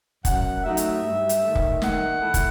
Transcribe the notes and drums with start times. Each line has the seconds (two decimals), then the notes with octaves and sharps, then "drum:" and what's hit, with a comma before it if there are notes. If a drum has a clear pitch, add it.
0.25 F#2 F#5, drum: kick, hi-hat
0.63 F#3 A3 D#4 E5
0.77 drum: hi-hat
1.03 G2
1.29 drum: hi-hat
1.42 D#3 A3
1.55 drum: kick
1.82 D#3 F#5, drum: snare
2.21 A3 E4
2.34 drum: kick, hi-hat